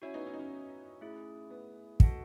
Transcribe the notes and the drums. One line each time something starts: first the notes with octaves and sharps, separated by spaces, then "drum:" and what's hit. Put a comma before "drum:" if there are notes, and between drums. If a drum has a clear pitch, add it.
C#4 E4 F#4 C#5 G#5
B3 D#4
C#4
D#4
C#4
A3 E4 G#4
B3
F#4 A4 D#5 F#5 A5, drum: kick